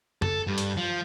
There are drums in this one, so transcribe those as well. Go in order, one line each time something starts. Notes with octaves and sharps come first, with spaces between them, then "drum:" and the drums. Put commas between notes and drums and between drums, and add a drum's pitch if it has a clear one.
A4, drum: tom
G2
drum: hi-hat
F3